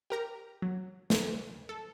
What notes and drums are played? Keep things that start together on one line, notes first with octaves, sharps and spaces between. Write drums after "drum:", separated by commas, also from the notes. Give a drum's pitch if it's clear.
G4 A#4 A#5
F#3
drum: snare
A4